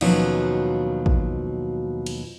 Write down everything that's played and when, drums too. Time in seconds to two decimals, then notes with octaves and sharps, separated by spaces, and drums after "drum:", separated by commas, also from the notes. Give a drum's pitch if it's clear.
0.01 D#2 B2 F3 F#3 C#4, drum: cymbal
1.06 drum: kick A1
2.06 drum: cymbal